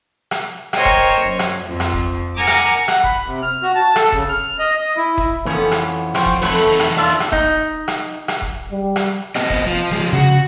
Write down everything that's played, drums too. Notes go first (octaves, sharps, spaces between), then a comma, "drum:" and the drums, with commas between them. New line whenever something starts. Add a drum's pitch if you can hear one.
drum: rim click
A#4 C5 C#5 D#5 G5, drum: rim click
drum: kick D#1
F#2
drum: rim click
F2
drum: rim click
drum: kick D#1
A#4 F#5 G#5 A#5 D6 F6
drum: rim click
F#5, drum: rim click
B5, drum: kick D#1
C3
F6
F#4
A5
A4, drum: rim click
C#3, drum: kick D#1
F6
D#5
D#5
E4
drum: kick D#1
F2 E3 B3 C#4
drum: rim click
F3 C5 G5 C#6, drum: rim click
drum: kick D#1
A3 C4 A4 B4 C#5 E5
E2 D#4 A4
drum: rim click
D4 F4 D5 E5
drum: rim click
D#4 D#6, drum: kick D#1
drum: rim click
drum: rim click
drum: kick D#1
G3
drum: rim click
B3 C4 D#5, drum: rim click
drum: kick D#1
F3
F3 G#3
C#3 F#4